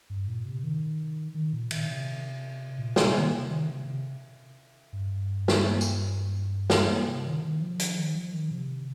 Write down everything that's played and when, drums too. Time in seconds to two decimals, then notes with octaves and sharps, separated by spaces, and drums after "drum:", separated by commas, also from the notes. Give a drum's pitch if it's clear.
0.10 G2
0.28 A#2
0.46 C3
0.63 D#3
1.35 D#3
1.53 A#2
1.71 D#3, drum: cymbal
1.88 C3
2.78 A#2
2.96 C3, drum: snare
3.14 D#3
3.32 C3
3.50 D#3
3.68 C3
3.86 C3
4.93 G2
5.48 drum: snare
5.81 drum: tambourine
6.70 drum: snare
7.08 C3
7.26 D#3
7.43 D#3
7.61 F3
7.80 F3, drum: hi-hat
7.97 D#3
8.15 F3
8.33 D#3
8.51 C3